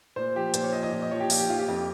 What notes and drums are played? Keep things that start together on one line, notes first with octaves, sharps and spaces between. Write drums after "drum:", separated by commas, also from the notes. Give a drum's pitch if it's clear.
A#2 C5
F3 G4
A#2 C5, drum: hi-hat
C#5
F3 D#5
D#5
A#2
D#5
F3 C#5
G4
A#2 F4, drum: open hi-hat
G4
F3 F4
G4
F2